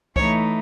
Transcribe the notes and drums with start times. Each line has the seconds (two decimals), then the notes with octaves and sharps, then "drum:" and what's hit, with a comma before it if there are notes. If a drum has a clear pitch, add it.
0.16 E3 A3 D#4 C#5, drum: kick C2